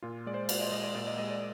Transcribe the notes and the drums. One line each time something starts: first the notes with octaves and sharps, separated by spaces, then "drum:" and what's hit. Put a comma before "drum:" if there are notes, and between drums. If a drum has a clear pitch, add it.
A#2 F4
G#3 D5
C5
A#2 D5, drum: cymbal
D#5
G#3 D#5
D5
A#2 D5
D#5
G#3 D#5
D5